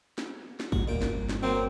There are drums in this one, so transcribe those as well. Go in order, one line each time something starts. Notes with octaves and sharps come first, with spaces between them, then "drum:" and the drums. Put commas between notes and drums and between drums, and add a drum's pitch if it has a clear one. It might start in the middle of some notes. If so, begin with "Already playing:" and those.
drum: snare
drum: snare
G1 G3 F#4, drum: kick
A#2 G5
drum: snare
drum: snare
F#3 A#3 C4